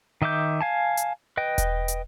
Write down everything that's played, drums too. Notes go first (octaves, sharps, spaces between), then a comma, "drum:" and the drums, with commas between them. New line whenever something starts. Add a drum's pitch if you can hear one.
D#3 D#5 E5 D6 G6
F5 G#5 A5
drum: hi-hat
B4 D#5 G5
drum: kick E1, hi-hat
drum: hi-hat